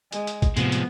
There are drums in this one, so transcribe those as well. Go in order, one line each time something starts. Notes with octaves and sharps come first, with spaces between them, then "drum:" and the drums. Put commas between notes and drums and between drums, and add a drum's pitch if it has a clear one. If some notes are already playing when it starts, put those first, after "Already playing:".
G#3, drum: hi-hat
drum: hi-hat
drum: kick, hi-hat
A2 C3 F3 G#3 B3, drum: hi-hat
drum: hi-hat